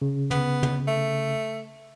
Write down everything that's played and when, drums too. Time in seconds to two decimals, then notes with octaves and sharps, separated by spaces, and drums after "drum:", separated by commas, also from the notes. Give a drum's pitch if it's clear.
0.02 C#3
0.31 B3, drum: tom
0.63 drum: tom
0.88 A3